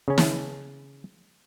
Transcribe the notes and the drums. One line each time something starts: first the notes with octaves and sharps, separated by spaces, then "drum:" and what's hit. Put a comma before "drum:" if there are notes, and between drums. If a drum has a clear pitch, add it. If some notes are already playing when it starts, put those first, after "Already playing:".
C#3 C#4
drum: snare